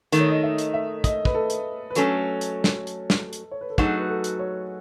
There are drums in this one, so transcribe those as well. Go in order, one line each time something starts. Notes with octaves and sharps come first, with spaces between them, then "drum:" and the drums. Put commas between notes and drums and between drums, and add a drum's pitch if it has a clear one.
D#3 A3 D#4 D#5, drum: hi-hat
C#5
D#5
E5
drum: hi-hat
E5
D#5, drum: kick, hi-hat
B4, drum: kick
A4
drum: hi-hat
B4
F#3 A3 C#4 A4, drum: hi-hat
drum: hi-hat
drum: snare
drum: hi-hat
drum: snare
drum: hi-hat
C#5
B4
A4
F#3 A3 D#4 F#4 G#4, drum: kick
B4
A4
drum: hi-hat
C#5